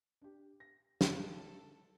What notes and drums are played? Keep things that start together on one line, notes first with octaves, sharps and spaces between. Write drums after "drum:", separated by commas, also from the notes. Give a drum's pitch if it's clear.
D4 G4
A#6
A4 E5, drum: snare